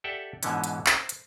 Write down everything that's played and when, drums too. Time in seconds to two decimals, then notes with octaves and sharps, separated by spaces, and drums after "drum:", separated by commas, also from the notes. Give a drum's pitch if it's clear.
0.04 G4 A4 D5 E5 F#5 G5
0.43 G#2 B2 D3 E3 F3 C#4, drum: hi-hat
0.64 drum: hi-hat
0.86 C5, drum: clap
1.09 drum: hi-hat